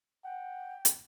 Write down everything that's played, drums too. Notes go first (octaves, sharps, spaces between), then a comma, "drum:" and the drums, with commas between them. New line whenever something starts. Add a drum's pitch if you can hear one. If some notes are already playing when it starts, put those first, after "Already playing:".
F#5 G5
drum: hi-hat